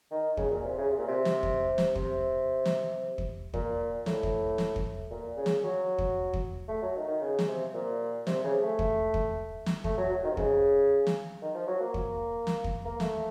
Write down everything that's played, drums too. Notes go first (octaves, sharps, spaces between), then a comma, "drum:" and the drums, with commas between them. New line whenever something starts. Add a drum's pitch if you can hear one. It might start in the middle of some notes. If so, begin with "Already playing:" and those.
D#3
C#3, drum: kick
A#2
C3
C#3
C3
A#2
C3
drum: snare
drum: kick
drum: snare
C3, drum: kick
drum: snare
drum: kick
A#2, drum: kick
A2, drum: snare
drum: kick
drum: snare
drum: kick
A#2
C#3
drum: snare
F#3
drum: kick
drum: kick
A3
F#3
D#3
D#3
C#3
drum: snare
C3
A#2
C3, drum: snare
C#3
A3
drum: kick
drum: kick
drum: snare
A3, drum: kick
F#3
F#3
D#3
C3
C#3, drum: kick
drum: snare
D#3
F3
F#3
A#3
drum: kick
drum: snare
drum: kick
A#3
A3, drum: snare